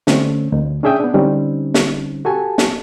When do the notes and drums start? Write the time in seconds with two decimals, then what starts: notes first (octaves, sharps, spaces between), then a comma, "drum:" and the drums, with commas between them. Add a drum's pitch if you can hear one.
0.07 D3 A3 C4 C#4, drum: snare
0.52 D2
0.83 C#4 D4 G#4 E5 G5 D#6
1.00 B3 D4
1.14 D3 G3 C4 C#4 D#4
1.74 drum: snare
2.25 F#4 G4 A4 G#5 A5
2.58 drum: snare